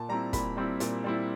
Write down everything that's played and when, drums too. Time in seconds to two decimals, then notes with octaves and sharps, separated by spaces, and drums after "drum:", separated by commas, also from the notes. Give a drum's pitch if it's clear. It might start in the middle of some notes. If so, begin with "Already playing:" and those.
Already playing: A#2 A5
0.09 G3 C4 E4 A#5
0.33 A#2 B5, drum: kick, hi-hat
0.57 G3 C4 E4
0.80 A#2, drum: hi-hat
1.04 G3 C4 E4